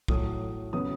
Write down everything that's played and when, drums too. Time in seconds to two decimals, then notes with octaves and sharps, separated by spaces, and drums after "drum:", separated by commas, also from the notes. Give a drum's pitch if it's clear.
0.08 A2 F#3 A3 D#6, drum: kick
0.73 C#3 F#3 B3 D#6